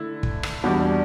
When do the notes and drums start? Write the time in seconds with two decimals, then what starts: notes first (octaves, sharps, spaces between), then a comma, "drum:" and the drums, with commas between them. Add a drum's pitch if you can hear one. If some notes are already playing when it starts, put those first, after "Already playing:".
Already playing: D3 A3 E4
0.23 drum: kick
0.43 drum: rim click
0.64 E2 B2 G3 D4